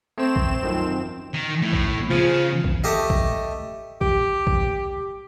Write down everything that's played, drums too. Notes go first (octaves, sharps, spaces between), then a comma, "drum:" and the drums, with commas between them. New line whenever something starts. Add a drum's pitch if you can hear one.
A3 C4 C5 E7
drum: kick
F#2 D#3 F3
D#3
A2
drum: kick
C#3 F3 G#4
drum: kick
A3 G4 D#5
drum: kick
G4, drum: kick
drum: kick